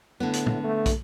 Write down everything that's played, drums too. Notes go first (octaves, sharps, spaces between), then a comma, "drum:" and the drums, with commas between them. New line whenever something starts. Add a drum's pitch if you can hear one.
A2 D3 B3
drum: hi-hat
drum: tom
A3
drum: kick, hi-hat